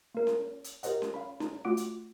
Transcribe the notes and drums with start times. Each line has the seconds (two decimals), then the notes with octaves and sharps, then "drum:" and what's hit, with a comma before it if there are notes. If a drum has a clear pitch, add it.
0.14 A#3 A#4
0.27 drum: snare C#4
0.64 drum: hi-hat
0.83 G4 A#4 C5 D#5 F#5, drum: hi-hat
1.02 drum: snare C#4
1.14 F5 B5
1.40 D#4, drum: snare C#4
1.65 A3 F4 F#4 F#5 D6 D7
1.77 drum: hi-hat